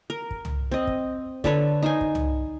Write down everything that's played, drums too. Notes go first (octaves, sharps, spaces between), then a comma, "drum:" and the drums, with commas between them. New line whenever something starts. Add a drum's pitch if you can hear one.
A#4
drum: kick
drum: tom
C4 D#5
drum: kick
D3 A4 B4 C#5, drum: kick
D#4 C5 G#5
drum: kick
drum: tom